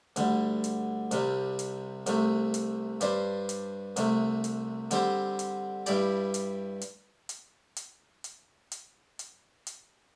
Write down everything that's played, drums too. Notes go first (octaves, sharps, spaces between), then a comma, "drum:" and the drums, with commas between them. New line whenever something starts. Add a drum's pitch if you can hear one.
D2 D3 G3, drum: hi-hat
drum: hi-hat
C2 C3 G3, drum: hi-hat
drum: hi-hat
C2 C3 A3, drum: hi-hat
drum: hi-hat
G2 G3 D4 C5, drum: hi-hat
drum: hi-hat
C2 C3 A3, drum: hi-hat
drum: hi-hat
D3 G3 C4 G4 C5, drum: hi-hat
drum: hi-hat
G2 G3 E4 G4 D5, drum: hi-hat
drum: hi-hat
drum: hi-hat
drum: hi-hat
drum: hi-hat
drum: hi-hat
drum: hi-hat
drum: hi-hat
drum: hi-hat